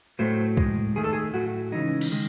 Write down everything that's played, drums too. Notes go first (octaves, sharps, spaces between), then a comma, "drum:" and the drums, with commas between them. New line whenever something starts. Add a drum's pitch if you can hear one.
A2 F#3 A3 C5
A2 G#3, drum: kick
D#3 A3 G#4
A4
G#4
A2 F#3 A3 F#4
C#3 E3 G#3 D#4
drum: cymbal
D#3 G#3